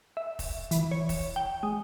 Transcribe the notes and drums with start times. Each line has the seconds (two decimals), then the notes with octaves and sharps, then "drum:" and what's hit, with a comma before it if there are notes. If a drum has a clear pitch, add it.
0.17 E5
0.39 drum: kick, open hi-hat
0.71 E3, drum: hi-hat
0.91 C#5
1.09 drum: kick, open hi-hat
1.36 G5
1.63 G#3